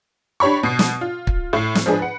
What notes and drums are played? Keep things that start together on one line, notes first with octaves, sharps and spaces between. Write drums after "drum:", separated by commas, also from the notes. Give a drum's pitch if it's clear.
D4 G4 C#5 B5 C#6
B2 C7
drum: snare
F4
drum: kick
A2 C7
drum: snare
F3 G#3 D4 G#4 B4
B4 F#5